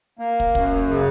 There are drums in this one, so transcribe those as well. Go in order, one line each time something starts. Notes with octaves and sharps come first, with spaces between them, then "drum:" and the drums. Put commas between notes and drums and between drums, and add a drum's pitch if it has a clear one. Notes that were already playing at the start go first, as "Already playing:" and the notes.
A#3
drum: kick
F#2, drum: kick
C#3